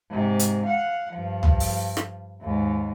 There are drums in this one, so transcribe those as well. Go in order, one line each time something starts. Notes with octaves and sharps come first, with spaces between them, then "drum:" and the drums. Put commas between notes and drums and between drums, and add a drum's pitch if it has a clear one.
G#2 C3
drum: hi-hat
F5 F#5
G2 F3
drum: tom B1
drum: open hi-hat
drum: rim click
D#2 G#2